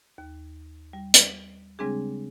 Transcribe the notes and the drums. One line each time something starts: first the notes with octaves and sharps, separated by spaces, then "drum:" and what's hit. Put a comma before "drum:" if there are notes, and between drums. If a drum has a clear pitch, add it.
D#2
G3
drum: hi-hat
C#3 G3 G#3 C4 D4 G#4